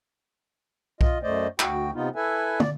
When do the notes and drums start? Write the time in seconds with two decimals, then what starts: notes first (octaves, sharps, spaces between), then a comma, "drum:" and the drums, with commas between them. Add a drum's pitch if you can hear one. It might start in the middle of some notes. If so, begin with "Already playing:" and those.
1.01 F4 D#5, drum: kick B1
1.23 F#2 A3 C5 D5 D#5
1.59 D2 F#4 G5, drum: clap
1.94 C3 B3 D#4 F4
2.16 E4 A4 B4 E5 G#5
2.60 D5, drum: tom